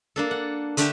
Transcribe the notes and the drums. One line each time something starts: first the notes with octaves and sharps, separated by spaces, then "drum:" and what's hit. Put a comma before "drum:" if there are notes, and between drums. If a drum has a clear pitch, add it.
A#3 D4 A4
F#5
D3 A3 D4 G4, drum: hi-hat